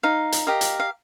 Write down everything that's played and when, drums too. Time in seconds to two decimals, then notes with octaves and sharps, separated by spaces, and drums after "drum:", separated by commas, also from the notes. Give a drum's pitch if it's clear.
0.03 D#4 F5
0.32 drum: hi-hat
0.47 G4 A#4 D#5 F5
0.61 drum: hi-hat
0.80 F5